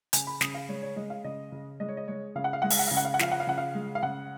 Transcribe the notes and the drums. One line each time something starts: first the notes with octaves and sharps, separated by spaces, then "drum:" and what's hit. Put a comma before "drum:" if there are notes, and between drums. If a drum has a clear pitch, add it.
C#3 G#5, drum: hi-hat
B5
C#3 D#6, drum: snare
F5
G#3 C#5
C#5
G#3 D#5
F5
C#3 D#5
C#3
G#3 D#5
C#5
D#5
G#3 C#5
C#3 F5
F#5
F5
G#3 F#5
F5, drum: open hi-hat
F#5
F5
C#3
F#5
F5
F#5
F3 F5, drum: snare
F#5
F5
C#3 F#5
F5
G#3
F5
C#3 F#5